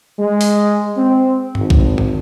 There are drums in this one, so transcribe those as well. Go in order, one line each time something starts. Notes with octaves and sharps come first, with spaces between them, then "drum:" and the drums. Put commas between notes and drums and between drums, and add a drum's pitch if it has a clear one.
G#3
drum: open hi-hat
C4
G#1, drum: tom G2
drum: kick B1
drum: tom G2